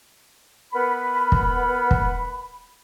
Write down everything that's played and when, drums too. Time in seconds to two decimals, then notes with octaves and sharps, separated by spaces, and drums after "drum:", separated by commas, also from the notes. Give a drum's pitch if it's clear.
0.73 B3 A#4 F#5 B5
1.32 drum: kick
1.91 drum: kick